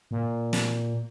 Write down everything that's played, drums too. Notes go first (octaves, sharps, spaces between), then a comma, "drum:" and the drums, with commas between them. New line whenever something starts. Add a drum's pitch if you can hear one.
A#2
drum: snare